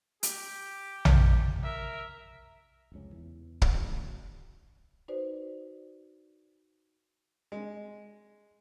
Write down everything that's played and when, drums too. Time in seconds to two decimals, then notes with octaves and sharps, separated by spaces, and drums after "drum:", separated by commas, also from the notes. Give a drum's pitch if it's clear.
0.23 G4, drum: hi-hat
1.05 drum: tom A#1
1.64 A#4 E5
2.92 F1 C#2 C#4
3.12 E2 E3
3.62 drum: kick
3.73 D2 C#3 E3 F#3
5.08 D#4 F#4 B4 C5 D5
7.52 G#3